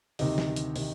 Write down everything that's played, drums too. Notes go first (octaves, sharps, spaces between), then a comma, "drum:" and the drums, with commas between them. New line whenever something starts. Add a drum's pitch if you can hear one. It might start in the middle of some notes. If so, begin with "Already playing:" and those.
D2 C3 D#3 D#4, drum: open hi-hat
drum: snare
drum: hi-hat
C3 D#3, drum: open hi-hat